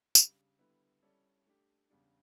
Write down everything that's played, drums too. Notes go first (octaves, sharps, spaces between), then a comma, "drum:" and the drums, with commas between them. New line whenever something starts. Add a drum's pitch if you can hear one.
C#3 G3 D4 G4, drum: tambourine
D3 G3 B3 E4 B4
G3 C#4 E4 A4 D5
A3 D4 G4
E2 C#3 G3 D4